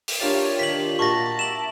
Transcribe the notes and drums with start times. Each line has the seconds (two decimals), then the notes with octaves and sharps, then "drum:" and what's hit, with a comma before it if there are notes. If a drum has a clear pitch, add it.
0.08 drum: open hi-hat
0.20 D4 F4 G4 A#4 C#5 F5 A5
0.59 D#3 B6 F#7
0.99 A#2 D#4 F#4 A5 C#6 A#6
1.39 E5 D6 E7 F#7